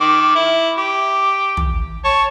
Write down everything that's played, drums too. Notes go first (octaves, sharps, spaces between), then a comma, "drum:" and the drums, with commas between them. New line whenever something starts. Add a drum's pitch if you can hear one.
D#3 D6
E4
G4
drum: tom
C#5 A5